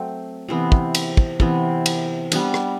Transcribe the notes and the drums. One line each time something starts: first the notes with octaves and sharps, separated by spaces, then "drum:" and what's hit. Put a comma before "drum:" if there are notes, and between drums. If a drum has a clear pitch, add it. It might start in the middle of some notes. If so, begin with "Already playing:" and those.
Already playing: F#3 A3 C4
C3 E3 B3
drum: kick
drum: cymbal
drum: kick
C3 E3 B3, drum: kick
drum: cymbal
G3 B3 D4, drum: cymbal
drum: rim click